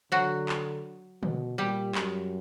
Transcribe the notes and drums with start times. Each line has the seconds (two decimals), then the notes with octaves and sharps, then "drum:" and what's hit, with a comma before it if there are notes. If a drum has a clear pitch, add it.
0.12 D3 F#3 F#4
0.49 drum: clap
1.23 B2, drum: tom
1.58 A#2 G3 G4
1.95 F#2, drum: clap